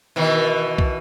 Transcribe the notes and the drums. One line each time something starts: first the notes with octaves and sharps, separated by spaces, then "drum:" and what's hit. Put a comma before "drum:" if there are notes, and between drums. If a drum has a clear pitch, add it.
B2 D#3 E3
drum: kick